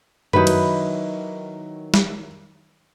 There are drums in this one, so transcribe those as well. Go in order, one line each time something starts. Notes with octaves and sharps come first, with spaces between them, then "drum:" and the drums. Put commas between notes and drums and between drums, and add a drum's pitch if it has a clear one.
D#3 F#3 D#4 E4 B4, drum: tom F#2
drum: cymbal
drum: snare